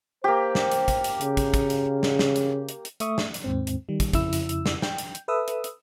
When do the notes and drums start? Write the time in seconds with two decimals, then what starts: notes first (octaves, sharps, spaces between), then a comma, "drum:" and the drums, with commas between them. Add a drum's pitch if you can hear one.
0.24 A#3 G4 C5
0.55 drum: snare
0.72 drum: hi-hat
0.88 drum: kick, hi-hat
1.04 drum: hi-hat
1.21 C#3, drum: hi-hat
1.37 drum: kick, hi-hat
1.54 drum: kick, hi-hat
1.70 drum: hi-hat
2.03 drum: snare
2.19 drum: snare
2.36 drum: hi-hat
2.69 drum: hi-hat
2.85 drum: hi-hat
3.00 A3 E5 C#6 D#6, drum: hi-hat
3.18 drum: snare
3.34 drum: hi-hat
3.44 D#2 G#2 C4
3.67 drum: hi-hat
3.89 D#3 G3
4.00 drum: kick, hi-hat
4.13 F2 C#3 E4 E6, drum: kick, hi-hat
4.33 drum: hi-hat
4.49 drum: hi-hat
4.66 drum: snare
4.82 G5, drum: snare
4.98 drum: hi-hat
5.15 drum: hi-hat
5.28 A4 B4 E5 D#6 E6
5.48 drum: hi-hat
5.64 drum: hi-hat